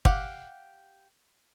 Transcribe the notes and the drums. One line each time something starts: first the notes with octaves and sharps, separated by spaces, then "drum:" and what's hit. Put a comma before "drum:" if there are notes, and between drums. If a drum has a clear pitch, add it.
G4 F5 F#5, drum: kick